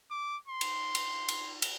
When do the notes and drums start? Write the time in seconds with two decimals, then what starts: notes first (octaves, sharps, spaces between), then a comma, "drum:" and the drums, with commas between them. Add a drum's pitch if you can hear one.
0.10 D6
0.47 C6
0.61 drum: cymbal
0.95 drum: cymbal
1.28 drum: cymbal
1.62 drum: cymbal